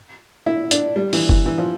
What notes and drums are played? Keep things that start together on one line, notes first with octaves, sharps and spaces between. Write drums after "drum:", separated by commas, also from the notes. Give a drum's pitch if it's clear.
E4
D4, drum: hi-hat
G3
E3, drum: open hi-hat
E3, drum: kick F#1
E3
F3